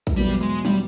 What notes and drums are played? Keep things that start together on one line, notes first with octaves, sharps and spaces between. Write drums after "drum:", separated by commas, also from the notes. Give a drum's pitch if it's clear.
drum: kick
E2 B2 F#3 G3 B3 E4
G#3
G3, drum: tom